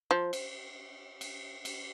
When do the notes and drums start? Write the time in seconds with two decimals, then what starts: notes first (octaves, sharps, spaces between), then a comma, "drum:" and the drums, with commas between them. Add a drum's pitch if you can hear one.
0.11 F3
0.33 drum: cymbal
1.21 drum: cymbal
1.65 drum: cymbal